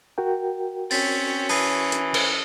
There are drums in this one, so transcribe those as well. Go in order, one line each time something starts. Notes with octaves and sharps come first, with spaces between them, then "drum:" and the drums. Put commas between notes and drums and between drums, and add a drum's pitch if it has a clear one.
F#4 A#4 G5
C4 C#4 C#5 A6 B6, drum: open hi-hat
E3 A5 D#6 C7, drum: open hi-hat
drum: hi-hat
drum: cymbal